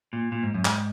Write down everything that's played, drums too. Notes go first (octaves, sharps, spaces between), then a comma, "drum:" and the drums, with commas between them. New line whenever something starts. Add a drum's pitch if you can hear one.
A#2
A#2
G#2
F#2
G#2, drum: clap